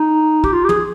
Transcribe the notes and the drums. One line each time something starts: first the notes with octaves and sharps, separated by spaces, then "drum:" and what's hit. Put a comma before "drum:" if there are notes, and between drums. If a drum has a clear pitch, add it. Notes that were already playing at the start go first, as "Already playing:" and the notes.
Already playing: D#4
G4, drum: kick
F4
G4
G#4, drum: tom